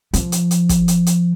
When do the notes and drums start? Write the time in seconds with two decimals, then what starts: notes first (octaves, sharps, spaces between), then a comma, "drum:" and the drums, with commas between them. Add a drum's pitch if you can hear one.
0.13 F3, drum: hi-hat
0.32 drum: hi-hat
0.51 drum: hi-hat
0.69 drum: kick, hi-hat
0.88 drum: hi-hat
1.06 drum: hi-hat